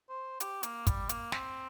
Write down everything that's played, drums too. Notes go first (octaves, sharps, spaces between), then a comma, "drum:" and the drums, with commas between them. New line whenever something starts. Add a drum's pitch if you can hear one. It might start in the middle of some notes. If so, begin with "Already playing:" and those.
C5
G4, drum: hi-hat
A#3, drum: hi-hat
G3, drum: kick, hi-hat
A#3, drum: hi-hat
C4, drum: snare